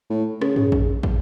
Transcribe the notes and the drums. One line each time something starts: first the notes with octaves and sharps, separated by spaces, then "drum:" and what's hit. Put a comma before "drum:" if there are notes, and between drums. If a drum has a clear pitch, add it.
A2
C#3, drum: rim click
C#3, drum: tom
drum: kick
drum: kick